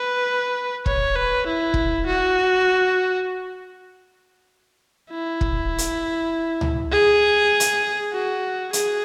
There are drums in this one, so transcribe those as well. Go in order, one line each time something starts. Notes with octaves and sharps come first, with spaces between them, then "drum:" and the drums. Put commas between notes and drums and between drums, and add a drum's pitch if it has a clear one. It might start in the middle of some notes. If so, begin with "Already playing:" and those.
Already playing: B4
C#5, drum: kick
B4
E4
drum: kick
F#4
E4
drum: kick
drum: hi-hat
drum: tom C#2
G#4
drum: hi-hat
F#4
G#4, drum: hi-hat